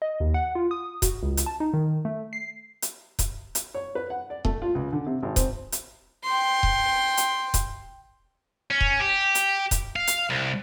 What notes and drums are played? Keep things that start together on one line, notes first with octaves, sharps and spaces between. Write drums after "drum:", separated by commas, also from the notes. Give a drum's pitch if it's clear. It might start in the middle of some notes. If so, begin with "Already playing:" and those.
D#5
D#2
F#5
F4
D#6
F#4, drum: kick D#1, hi-hat
C#2
drum: hi-hat
A5
D#4
D#3
A3
C7
drum: hi-hat
drum: kick D#1, hi-hat
drum: hi-hat
C#5
B4
F#5
D5
A3, drum: kick D#1
F4
C#2
D3
C3
G#1
C4, drum: kick D#1, hi-hat
drum: hi-hat
G5 C6
drum: kick D#1
drum: hi-hat
drum: kick D#1, hi-hat
C#4
drum: kick D#1
G4
drum: hi-hat
drum: kick D#1, hi-hat
F5
drum: hi-hat
C2